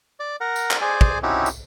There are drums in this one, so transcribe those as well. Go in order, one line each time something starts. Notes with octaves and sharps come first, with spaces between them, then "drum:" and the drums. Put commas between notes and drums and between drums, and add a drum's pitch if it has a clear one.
D5
A#4 F#5
drum: tambourine
drum: clap
G#4 C5 D5 G#5
drum: kick
C4 C#4 D#4 E4 F#4 G4
drum: tambourine